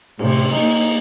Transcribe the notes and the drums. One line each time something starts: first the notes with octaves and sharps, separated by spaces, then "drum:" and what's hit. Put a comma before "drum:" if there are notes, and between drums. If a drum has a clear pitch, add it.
A2 C3, drum: cymbal
A#3 D#4